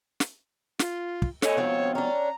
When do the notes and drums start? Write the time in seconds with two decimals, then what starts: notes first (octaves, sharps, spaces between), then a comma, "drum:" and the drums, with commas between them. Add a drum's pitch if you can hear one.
0.20 drum: snare
0.79 F4, drum: snare
1.22 drum: kick
1.42 A4 C#5 D#5 G#5, drum: snare
1.57 F2 B2 C4 F4
1.95 C#4 D4 A#5